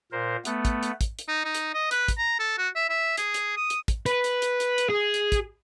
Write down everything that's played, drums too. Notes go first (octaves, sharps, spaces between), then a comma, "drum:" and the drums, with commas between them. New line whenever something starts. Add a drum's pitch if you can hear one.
A#2 A#4 C5
A3 B3, drum: hi-hat
drum: kick, hi-hat
drum: hi-hat
drum: kick, hi-hat
drum: hi-hat
D#4
D#4
drum: hi-hat
D#5
B4, drum: hi-hat
drum: kick, hi-hat
A#5
A4
F#4
E5
E5
G#4, drum: hi-hat
drum: hi-hat
D#6
drum: hi-hat
drum: kick, hi-hat
B4, drum: hi-hat
drum: hi-hat
drum: hi-hat
drum: hi-hat
drum: hi-hat
G#4
drum: hi-hat
drum: kick, hi-hat